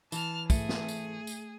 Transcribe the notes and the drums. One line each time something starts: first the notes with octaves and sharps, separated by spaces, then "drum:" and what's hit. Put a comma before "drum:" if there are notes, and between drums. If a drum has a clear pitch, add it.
E3 A5 F6, drum: tambourine
A3 G#4, drum: kick, tambourine
drum: snare
drum: tambourine
drum: tambourine